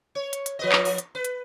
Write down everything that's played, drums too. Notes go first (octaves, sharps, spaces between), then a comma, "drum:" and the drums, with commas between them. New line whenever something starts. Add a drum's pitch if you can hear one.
C#5
drum: hi-hat
drum: hi-hat
F3 B4 D#5
drum: clap
drum: open hi-hat
drum: hi-hat
B4
drum: hi-hat